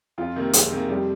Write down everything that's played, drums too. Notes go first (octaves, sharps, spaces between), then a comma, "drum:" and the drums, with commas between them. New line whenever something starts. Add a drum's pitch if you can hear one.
F2 F4
C3 D#3 A#3
F2 G#3, drum: hi-hat
C3 D#3 A#3
F2 G3